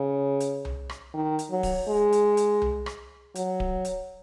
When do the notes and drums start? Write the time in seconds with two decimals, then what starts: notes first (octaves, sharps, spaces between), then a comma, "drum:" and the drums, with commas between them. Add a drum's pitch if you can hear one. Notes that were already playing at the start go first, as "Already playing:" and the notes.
Already playing: C#3
0.40 drum: hi-hat
0.65 drum: tom C2
0.89 drum: rim click
1.14 D#3
1.39 drum: hi-hat
1.51 F#3
1.63 drum: kick D1, open hi-hat
1.88 G#3
2.12 drum: hi-hat
2.37 drum: hi-hat
2.62 drum: tom C2
2.86 drum: rim click
3.35 F#3, drum: hi-hat
3.60 drum: kick D1
3.85 drum: hi-hat